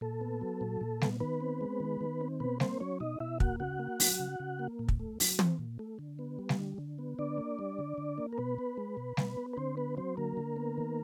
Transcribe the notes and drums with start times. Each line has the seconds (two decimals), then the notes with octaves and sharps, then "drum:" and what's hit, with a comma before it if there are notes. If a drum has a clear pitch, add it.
0.01 A#2 A4
0.21 B3
0.41 F#3
0.61 A#2
0.81 A#2
1.01 B3, drum: snare
1.20 D#3 B3 B4
1.41 C4
1.61 G#3
1.80 D#3
2.01 D#3
2.21 C4
2.40 B2 B3 B4
2.60 A#3 C4 C5, drum: snare
2.80 F#3 C#4 C#5
3.00 B2 D#4 D#5
3.20 B2 E4 E5
3.40 A#3 F#4 F#5, drum: kick
3.60 C#3 F#4 F#5
3.79 A#3
4.00 F#3, drum: open hi-hat
4.19 C#3
4.40 C#3
4.59 A#3
4.79 A#2
4.88 drum: kick
5.00 A3
5.20 F#3, drum: open hi-hat
5.39 C4, drum: tom
5.59 A#2
5.79 A3
5.99 D3
6.19 B3
6.39 G3
6.49 drum: snare
6.59 D3
6.78 D3
6.99 B3
7.19 D3 D4 D5
7.38 A#3
7.59 G3
7.79 D3
7.98 D3
8.18 A#3
8.33 A#4
8.38 B2 B3 B4
8.59 B3
8.77 G#3
8.97 B2
9.17 B2, drum: snare
9.37 B3
9.53 B4
9.57 D3 C4 C5
9.77 B3 B4
9.97 F#3 C4 C5
10.17 D3 A#3 A#4
10.37 D3
10.56 B3
10.78 D#3